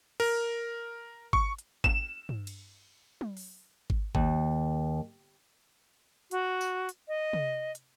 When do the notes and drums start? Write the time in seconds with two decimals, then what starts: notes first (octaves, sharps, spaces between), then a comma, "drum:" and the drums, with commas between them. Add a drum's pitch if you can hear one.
0.20 A#4, drum: cymbal
1.33 C#6, drum: kick G#1
1.59 drum: hi-hat
1.84 E7, drum: kick G#1
2.29 drum: tom
2.47 drum: cymbal
3.21 drum: tom
3.37 drum: open hi-hat
3.90 drum: kick G#1
4.15 D#2, drum: kick G#1
6.31 F#4, drum: hi-hat
6.61 drum: tambourine
6.89 drum: hi-hat
7.08 D#5
7.33 drum: tom
7.75 drum: hi-hat